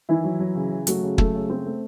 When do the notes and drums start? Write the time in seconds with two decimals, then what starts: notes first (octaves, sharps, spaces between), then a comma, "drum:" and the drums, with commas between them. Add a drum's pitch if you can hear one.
0.09 D#3 E3 E4
0.24 F#3
0.39 F#3
0.55 C#3
0.71 C#3
0.87 F#3 A3 F#4, drum: hi-hat
1.03 C#3
1.18 F#3 A3 A4, drum: kick
1.35 C#3
1.49 A3 C4 C5
1.66 A3